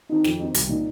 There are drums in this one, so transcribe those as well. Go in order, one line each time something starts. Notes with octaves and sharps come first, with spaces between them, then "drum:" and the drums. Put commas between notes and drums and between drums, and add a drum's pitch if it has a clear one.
D#3 C4 D#4
F2, drum: snare
D#3 C4 D#4
C2, drum: hi-hat
A#2 A#3 D#4